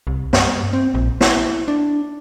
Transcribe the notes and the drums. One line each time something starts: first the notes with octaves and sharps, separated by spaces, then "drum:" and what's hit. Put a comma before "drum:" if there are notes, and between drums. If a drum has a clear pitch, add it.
C2
G2, drum: snare
C4
A#1
E4, drum: snare
D4